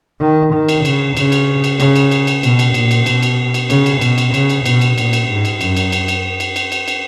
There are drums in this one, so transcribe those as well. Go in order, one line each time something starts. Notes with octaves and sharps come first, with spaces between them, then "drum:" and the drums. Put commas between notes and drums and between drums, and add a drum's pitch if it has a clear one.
D#3
D#3
drum: cymbal
C#3, drum: cymbal
C#3, drum: cymbal
drum: cymbal
drum: cymbal
C#3, drum: cymbal
drum: cymbal
drum: cymbal
drum: cymbal
B2, drum: cymbal
drum: cymbal
A#2, drum: cymbal
drum: cymbal
B2, drum: cymbal
drum: cymbal
drum: cymbal
C#3, drum: cymbal
drum: cymbal
B2, drum: cymbal
drum: cymbal
C#3, drum: cymbal
drum: cymbal
B2, drum: cymbal
drum: cymbal
A#2, drum: cymbal
drum: cymbal
G#2
drum: cymbal
F#2, drum: cymbal
drum: cymbal
drum: cymbal
drum: cymbal
drum: cymbal
drum: cymbal
drum: cymbal
drum: cymbal